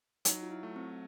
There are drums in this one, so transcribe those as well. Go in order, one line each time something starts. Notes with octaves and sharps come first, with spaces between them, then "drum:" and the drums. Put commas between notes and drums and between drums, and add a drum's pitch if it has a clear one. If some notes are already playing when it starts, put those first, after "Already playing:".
F#3 D#4, drum: hi-hat
F4
E4
A3
C4